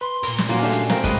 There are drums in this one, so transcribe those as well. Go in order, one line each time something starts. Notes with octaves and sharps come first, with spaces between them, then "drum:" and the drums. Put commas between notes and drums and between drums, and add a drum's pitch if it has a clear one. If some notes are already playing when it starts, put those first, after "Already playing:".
B4 C6
A#2 A#4, drum: hi-hat
drum: snare
A#3 C#4 F#4 F5
A3 D4 G4 A4
drum: hi-hat
C4 A#4 F5 G5 A#5, drum: snare
G#2 C3 G#3 D#5 B5 C6 F#6, drum: kick, hi-hat